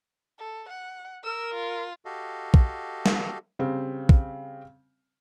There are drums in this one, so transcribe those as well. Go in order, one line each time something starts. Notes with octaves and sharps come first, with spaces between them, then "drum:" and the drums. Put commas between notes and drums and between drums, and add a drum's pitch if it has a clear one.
A4
F#5
A#4 E6
F4
F#4 G4 A4 D#5 F5
drum: kick
drum: snare
C#3 G3 C4
drum: kick